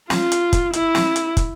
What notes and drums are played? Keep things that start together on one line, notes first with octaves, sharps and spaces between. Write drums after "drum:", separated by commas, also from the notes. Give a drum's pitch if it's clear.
F4, drum: snare
drum: hi-hat
drum: kick, hi-hat
E4, drum: hi-hat
drum: snare
drum: hi-hat
drum: kick, hi-hat